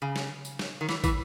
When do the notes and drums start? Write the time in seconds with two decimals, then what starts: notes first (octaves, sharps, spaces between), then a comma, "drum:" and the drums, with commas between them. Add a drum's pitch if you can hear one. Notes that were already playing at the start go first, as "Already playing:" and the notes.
0.02 C#3
0.16 drum: snare
0.45 drum: tambourine
0.59 drum: snare
0.81 D#3
0.89 E3, drum: snare
1.04 E3, drum: kick, tambourine